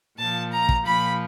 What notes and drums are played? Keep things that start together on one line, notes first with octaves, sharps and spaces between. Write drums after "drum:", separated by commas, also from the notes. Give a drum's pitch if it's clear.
A#2 F3 A5
A#5
drum: kick
A#2 F3 B5